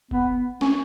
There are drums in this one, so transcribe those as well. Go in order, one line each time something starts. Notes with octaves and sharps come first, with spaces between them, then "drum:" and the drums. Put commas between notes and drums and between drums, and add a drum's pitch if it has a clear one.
B3, drum: kick F1
C#4, drum: snare